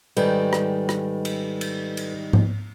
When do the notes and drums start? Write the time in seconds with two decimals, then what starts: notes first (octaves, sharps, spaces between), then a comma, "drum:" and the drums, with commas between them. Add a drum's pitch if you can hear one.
0.17 G#2 D#3 G3 A4 B4, drum: cymbal
0.53 drum: rim click
0.89 drum: rim click
1.25 drum: cymbal
1.61 drum: cymbal
1.97 drum: cymbal
2.33 drum: tom G#2